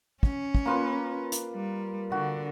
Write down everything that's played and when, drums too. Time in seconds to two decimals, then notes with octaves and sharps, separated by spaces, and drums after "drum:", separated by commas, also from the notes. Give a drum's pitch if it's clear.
0.23 C#4, drum: kick
0.55 drum: kick
0.66 A#3 F4 B4
1.32 drum: hi-hat
1.54 G3
2.12 D3 F#4